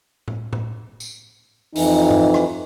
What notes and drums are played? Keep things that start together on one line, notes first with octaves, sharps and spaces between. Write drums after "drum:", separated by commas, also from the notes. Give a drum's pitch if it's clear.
drum: tom A2
drum: tom A2
drum: tambourine
F2 E3 D#4, drum: open hi-hat
drum: tom G2
drum: rim click